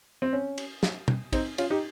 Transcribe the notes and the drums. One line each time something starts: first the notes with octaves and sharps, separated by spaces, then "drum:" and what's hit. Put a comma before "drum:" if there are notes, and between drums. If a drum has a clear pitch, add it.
C4
C#4
drum: cymbal
drum: snare
drum: tom
C4 D#4, drum: kick, cymbal
C#4 F4, drum: cymbal
D#4 G4